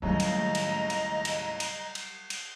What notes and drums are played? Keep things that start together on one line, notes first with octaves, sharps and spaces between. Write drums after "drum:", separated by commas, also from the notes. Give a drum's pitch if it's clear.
D#2 A2 C#3 F#3 G3 D#5 A#5
drum: cymbal
drum: cymbal
drum: cymbal
drum: cymbal
drum: cymbal
drum: cymbal
drum: cymbal